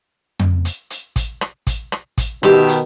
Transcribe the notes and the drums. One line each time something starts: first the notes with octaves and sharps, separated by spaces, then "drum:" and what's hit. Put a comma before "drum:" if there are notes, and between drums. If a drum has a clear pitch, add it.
drum: tom F2
drum: hi-hat
drum: hi-hat
drum: kick, hi-hat
drum: rim click
drum: kick, hi-hat
drum: rim click
drum: kick, hi-hat
B2 D#3 G4 E5, drum: rim click
drum: hi-hat